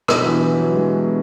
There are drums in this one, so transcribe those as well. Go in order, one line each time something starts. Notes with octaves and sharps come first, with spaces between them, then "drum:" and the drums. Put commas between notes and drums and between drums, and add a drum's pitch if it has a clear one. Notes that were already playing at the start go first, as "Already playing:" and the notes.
B2 F#3 B3 D4 G4 B4, drum: rim click
E3
F#3
G#3